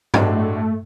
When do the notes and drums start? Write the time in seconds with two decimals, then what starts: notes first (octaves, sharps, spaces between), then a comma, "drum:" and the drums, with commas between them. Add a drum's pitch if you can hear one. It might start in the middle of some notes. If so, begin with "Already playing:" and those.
0.14 A2 G#3 A3 D4 F#4, drum: tom